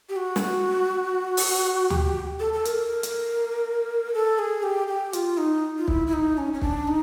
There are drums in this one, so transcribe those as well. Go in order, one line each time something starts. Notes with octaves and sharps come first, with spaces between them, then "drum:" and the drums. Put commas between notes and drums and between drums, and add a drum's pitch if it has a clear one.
G4
F#4
drum: snare
drum: open hi-hat
G4, drum: tom D2
A4
A4
A#4, drum: hi-hat
drum: hi-hat
A4
G#4
G4
G4
F4, drum: hi-hat
D#4
F4
E4, drum: kick
E4
D#4
C#4
C#4
D4, drum: kick
D#4